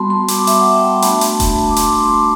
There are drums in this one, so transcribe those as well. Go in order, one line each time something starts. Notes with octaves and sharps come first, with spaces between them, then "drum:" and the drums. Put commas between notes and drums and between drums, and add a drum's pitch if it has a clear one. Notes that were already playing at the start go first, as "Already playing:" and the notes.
Already playing: G3 B3 F#4 A5 B5 C6
C6
D6, drum: hi-hat
E5, drum: hi-hat
F#5
G5
A5
A3 D4 F#4 B5, drum: hi-hat
A5, drum: hi-hat
A5, drum: kick D#1, hi-hat
A5
D6
C6, drum: hi-hat
C6